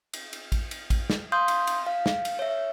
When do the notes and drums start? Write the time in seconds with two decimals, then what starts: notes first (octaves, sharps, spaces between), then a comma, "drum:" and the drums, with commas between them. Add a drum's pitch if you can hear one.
0.13 drum: cymbal
0.33 drum: cymbal
0.52 drum: kick A1, cymbal
0.71 drum: cymbal
0.90 drum: kick A1, cymbal
1.10 drum: snare
1.32 F5 C6 D#6 G6
1.48 drum: cymbal
1.67 drum: cymbal
1.87 F5
2.06 drum: snare
2.25 drum: cymbal
2.39 C#5 E5